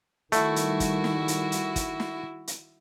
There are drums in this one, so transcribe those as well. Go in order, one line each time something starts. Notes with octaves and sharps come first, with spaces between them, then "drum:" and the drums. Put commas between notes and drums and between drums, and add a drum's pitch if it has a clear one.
D#3 G3 A3 E4 F#4, drum: hi-hat
drum: hi-hat
drum: kick, hi-hat
drum: snare
drum: hi-hat
drum: hi-hat
drum: kick, hi-hat
drum: snare
drum: hi-hat